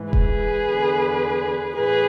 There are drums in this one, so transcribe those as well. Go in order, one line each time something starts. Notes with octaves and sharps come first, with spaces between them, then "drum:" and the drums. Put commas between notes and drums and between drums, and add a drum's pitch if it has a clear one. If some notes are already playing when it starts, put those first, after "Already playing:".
Already playing: G#2 E3
G#4 B4, drum: kick E1
E2 D3
A2 E3 G#4 B4